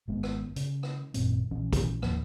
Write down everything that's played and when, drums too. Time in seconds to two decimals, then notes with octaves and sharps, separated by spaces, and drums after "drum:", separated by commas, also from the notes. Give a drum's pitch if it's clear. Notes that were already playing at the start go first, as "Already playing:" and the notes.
0.08 G#1 G#3 B3
0.23 drum: rim click
0.56 C#3, drum: hi-hat
0.83 drum: rim click
1.14 G#1 F#2 A#2 C4, drum: hi-hat
1.51 A#1 E3 C#4
1.73 drum: kick, hi-hat
2.02 D#2 A2 F3 A#3, drum: rim click